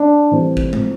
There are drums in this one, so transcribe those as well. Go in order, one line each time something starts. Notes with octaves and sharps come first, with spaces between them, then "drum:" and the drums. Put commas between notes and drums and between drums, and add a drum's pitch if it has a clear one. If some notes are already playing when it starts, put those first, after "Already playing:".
Already playing: D4
A2 E3 G3 C4
drum: kick
A2 F3 C4, drum: tom G#3